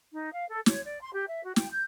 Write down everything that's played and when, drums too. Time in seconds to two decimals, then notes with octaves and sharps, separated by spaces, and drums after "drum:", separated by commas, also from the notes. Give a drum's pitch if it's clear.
0.13 D#4
0.33 F5
0.49 A4
0.66 C#5, drum: snare
0.85 D5
1.01 C6
1.13 G4
1.29 E5
1.45 F#4
1.56 G5, drum: snare
1.71 G6